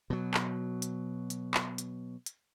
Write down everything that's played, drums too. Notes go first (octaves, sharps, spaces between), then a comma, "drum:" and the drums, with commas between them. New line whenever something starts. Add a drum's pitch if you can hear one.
B2 F#3
drum: clap
drum: hi-hat
drum: hi-hat
drum: clap
drum: hi-hat
drum: hi-hat